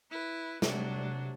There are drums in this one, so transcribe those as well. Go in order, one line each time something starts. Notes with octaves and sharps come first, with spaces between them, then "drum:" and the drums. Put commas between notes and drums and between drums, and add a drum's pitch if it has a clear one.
E4 B4
C3 F#3 G3 D4, drum: snare